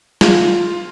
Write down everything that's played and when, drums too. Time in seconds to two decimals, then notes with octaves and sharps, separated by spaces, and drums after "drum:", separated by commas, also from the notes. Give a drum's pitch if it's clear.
0.21 F4, drum: snare